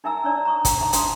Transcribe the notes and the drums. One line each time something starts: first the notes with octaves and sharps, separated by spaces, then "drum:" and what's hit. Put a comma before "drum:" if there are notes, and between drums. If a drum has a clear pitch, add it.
D#4 A#4 E5 G#5 A#5 E6
D4 D#4 C#5 D5 A#5
A#5 C#6 D#6
drum: kick, hi-hat
D#4 E5 A5 A#5
D4 C6 D#6, drum: hi-hat